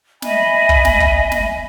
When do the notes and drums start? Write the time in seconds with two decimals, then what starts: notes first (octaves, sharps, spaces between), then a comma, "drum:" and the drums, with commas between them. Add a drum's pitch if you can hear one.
0.22 D#5 E5 G#5 B5, drum: snare
0.69 drum: kick
0.85 drum: snare
1.00 drum: kick
1.32 drum: snare